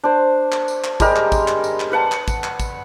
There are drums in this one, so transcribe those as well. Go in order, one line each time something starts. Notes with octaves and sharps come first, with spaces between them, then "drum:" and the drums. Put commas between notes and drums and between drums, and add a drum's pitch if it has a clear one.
D4 C5
drum: clap
drum: tambourine
drum: clap
G3 G#3 G4 A#4, drum: kick, tambourine
drum: clap
drum: kick, tambourine
drum: clap
drum: tambourine
drum: clap
B4 F#5 A5
drum: clap
drum: kick, tambourine
drum: clap
drum: kick, tambourine